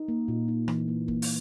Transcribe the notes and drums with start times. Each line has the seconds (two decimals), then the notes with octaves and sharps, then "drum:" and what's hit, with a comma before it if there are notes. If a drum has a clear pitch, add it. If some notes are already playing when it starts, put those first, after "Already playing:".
Already playing: D#4
0.08 A#3
0.28 A#2
0.48 D#4
0.68 E3, drum: rim click
0.88 A#3
1.08 A#3, drum: kick F#1
1.22 drum: open hi-hat